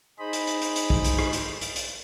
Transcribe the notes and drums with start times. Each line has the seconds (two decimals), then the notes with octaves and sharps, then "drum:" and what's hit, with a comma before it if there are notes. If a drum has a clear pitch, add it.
0.19 D#4 G#4 C5 D#5 B5
0.33 drum: hi-hat
0.47 drum: hi-hat
0.62 drum: hi-hat
0.76 drum: hi-hat
0.90 drum: kick
1.04 drum: hi-hat
1.19 drum: rim click
1.33 drum: hi-hat
1.61 drum: hi-hat
1.76 drum: hi-hat